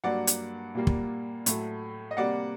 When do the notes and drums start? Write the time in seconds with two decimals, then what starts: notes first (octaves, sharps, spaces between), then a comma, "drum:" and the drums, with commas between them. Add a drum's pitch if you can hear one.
0.04 G2 F#3 A#3 D5 F#5
0.27 drum: hi-hat
0.75 A#2 G3 A#3
0.87 drum: kick
1.46 A2 F#3 A3, drum: hi-hat
2.11 D#5
2.17 C3 G3 A#3 D5 F#5